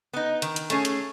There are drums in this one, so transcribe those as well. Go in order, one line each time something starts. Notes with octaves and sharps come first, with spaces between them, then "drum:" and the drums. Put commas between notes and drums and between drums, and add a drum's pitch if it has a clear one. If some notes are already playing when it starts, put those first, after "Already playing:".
B3 D#4
D#3, drum: hi-hat
drum: hi-hat
A3 C#4 G#4, drum: hi-hat
drum: hi-hat